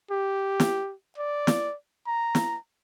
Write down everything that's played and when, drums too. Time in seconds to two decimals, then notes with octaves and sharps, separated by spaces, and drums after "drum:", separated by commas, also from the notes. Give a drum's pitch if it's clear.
0.11 G4
0.60 drum: snare
1.18 D5
1.47 drum: snare
2.07 A#5
2.35 drum: snare